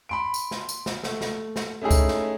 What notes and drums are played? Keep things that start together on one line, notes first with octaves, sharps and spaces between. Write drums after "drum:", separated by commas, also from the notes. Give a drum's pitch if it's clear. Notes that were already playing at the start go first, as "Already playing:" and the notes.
B5 C6 D7
drum: tambourine
drum: snare
drum: tambourine
drum: snare
A3, drum: snare
drum: snare
drum: snare
A3 C#4 D#4 E4 G#4
drum: kick, tambourine
drum: snare